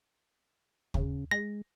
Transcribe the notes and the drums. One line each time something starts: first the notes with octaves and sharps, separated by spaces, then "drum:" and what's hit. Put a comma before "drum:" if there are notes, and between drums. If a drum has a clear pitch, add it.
C#3, drum: kick
G#3 A#6